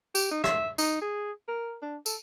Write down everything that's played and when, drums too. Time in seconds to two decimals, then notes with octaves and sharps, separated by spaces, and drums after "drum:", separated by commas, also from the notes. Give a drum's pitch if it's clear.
0.15 G4, drum: tambourine
0.32 D#4
0.44 E5, drum: rim click
0.78 D#4, drum: tambourine
1.01 G#4
1.48 A#4
1.82 D4
2.06 A4, drum: tambourine